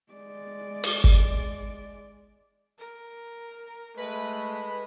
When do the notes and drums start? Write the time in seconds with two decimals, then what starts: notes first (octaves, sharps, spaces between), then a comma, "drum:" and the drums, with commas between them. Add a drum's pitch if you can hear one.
0.12 G#3 D5
0.84 drum: open hi-hat
1.04 drum: kick G1
2.79 A#4
3.97 G#3 A3 B4 B5